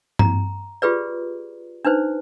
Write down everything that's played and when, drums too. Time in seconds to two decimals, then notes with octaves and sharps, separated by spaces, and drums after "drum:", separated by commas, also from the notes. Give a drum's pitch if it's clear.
0.19 A#5, drum: tom G2
0.82 F4 G4 G#4 B4 D5
1.85 D4 D#4 B4 C5